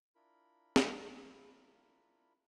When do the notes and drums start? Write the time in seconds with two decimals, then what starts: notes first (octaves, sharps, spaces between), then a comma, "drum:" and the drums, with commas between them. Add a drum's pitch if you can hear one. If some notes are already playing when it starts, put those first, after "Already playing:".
0.15 D4 E4 F4 A#4 B5
0.76 drum: snare